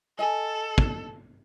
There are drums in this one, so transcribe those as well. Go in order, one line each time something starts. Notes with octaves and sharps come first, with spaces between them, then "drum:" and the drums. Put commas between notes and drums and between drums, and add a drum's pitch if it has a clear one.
A4 D#5 G#5
drum: kick